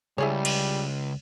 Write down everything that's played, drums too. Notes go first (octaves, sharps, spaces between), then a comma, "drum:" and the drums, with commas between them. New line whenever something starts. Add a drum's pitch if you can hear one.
C#2 G3 E4 G#4 C#5
drum: cymbal